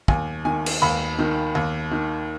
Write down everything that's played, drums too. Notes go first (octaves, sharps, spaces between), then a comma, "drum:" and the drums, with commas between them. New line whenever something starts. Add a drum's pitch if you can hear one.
D#2 G#5, drum: kick
D#3 G#5
drum: cymbal
D#2 B5
D#3
D#2
D#3